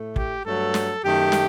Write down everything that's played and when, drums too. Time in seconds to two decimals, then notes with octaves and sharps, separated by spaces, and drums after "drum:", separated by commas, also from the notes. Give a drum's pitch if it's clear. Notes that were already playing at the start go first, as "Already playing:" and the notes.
Already playing: A2 A3
0.16 G4, drum: kick
0.45 G2 F#3 A3 A4
0.74 drum: snare
1.03 F#2 D#3 A3 G4
1.32 drum: snare